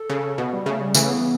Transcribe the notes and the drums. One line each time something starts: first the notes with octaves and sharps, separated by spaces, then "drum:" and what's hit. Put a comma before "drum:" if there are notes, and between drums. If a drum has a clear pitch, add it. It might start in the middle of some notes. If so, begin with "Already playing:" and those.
Already playing: A4
C#3
B2 B3
G3
C#3 A3
G3
C#3 E3 A3, drum: tambourine
B3